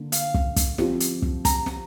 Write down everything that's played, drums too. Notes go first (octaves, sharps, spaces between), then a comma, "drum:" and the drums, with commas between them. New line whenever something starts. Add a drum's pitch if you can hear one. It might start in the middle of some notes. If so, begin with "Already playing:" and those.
Already playing: D3 A#3
F5, drum: hi-hat
drum: kick
drum: kick, hi-hat
F3 C4 G4, drum: snare
drum: hi-hat
drum: kick
A#5, drum: kick, hi-hat
drum: snare